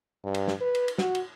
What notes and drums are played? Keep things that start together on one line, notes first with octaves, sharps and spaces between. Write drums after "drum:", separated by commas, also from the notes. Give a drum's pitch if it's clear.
G2
drum: cymbal
drum: snare
B4
drum: cymbal
drum: cymbal
F#4, drum: snare
drum: cymbal